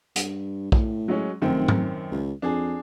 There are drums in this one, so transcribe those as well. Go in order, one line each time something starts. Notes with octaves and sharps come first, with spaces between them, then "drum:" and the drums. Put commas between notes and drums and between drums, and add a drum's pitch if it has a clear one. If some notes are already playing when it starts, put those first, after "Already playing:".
G2, drum: hi-hat
A2, drum: kick
F#3 G#3 C#4
F1 F#2 D#3 C4
drum: tom G#2
C#2
F2 D4 G#4